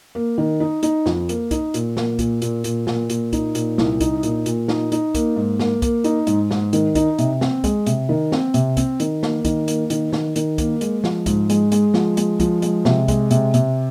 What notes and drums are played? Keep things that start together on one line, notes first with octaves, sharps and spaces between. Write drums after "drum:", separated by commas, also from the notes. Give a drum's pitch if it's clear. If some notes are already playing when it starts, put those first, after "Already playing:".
A#3
D#3
D#4
D#4, drum: hi-hat
F2, drum: snare
A#3, drum: hi-hat
D#4, drum: kick, hi-hat
A#2, drum: hi-hat
A#3, drum: snare
A#2, drum: kick, hi-hat
A#2, drum: hi-hat
A#2, drum: hi-hat
A#2, drum: snare
A#2, drum: hi-hat
D#4, drum: kick, hi-hat
A#2, drum: hi-hat
C2, drum: snare
D#4, drum: kick, hi-hat
A#2, drum: hi-hat
A#2, drum: hi-hat
D#4, drum: snare
D#4, drum: hi-hat
A#3, drum: kick, hi-hat
G#2
A#3, drum: snare
A#3, drum: kick, hi-hat
D#4, drum: hi-hat
G#2, drum: hi-hat
G#2, drum: snare
D#3, drum: hi-hat
D#4, drum: kick, hi-hat
C3, drum: hi-hat
C4, drum: snare
G#3, drum: kick, hi-hat
C3, drum: hi-hat
D#3
C4, drum: snare
C3, drum: hi-hat
C4, drum: kick, hi-hat
D#3, drum: hi-hat
A#3, drum: snare
D#3, drum: kick, hi-hat
A#3, drum: hi-hat
D#3, drum: hi-hat
D#3, drum: snare
D#3, drum: hi-hat
A#3, drum: kick, hi-hat
G#3, drum: hi-hat
F3, drum: snare
G#2, drum: kick, hi-hat
G#3, drum: hi-hat
G#3, drum: hi-hat
F3, drum: snare
G#3, drum: hi-hat
F3, drum: kick, hi-hat
G#3, drum: hi-hat
C3, drum: snare
G#3, drum: kick, hi-hat
C3, drum: hi-hat
C3, drum: hi-hat